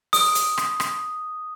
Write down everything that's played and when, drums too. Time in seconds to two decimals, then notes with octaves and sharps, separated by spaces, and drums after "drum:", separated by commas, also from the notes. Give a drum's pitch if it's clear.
0.13 D#6, drum: open hi-hat
0.35 drum: hi-hat
0.58 drum: rim click
0.80 drum: rim click